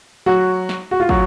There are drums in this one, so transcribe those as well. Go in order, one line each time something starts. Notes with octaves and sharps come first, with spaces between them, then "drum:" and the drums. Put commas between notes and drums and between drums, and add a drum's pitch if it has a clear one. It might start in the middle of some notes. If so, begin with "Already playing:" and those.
F#3 F#4
drum: snare
F#4
F4
F#3 F#4, drum: kick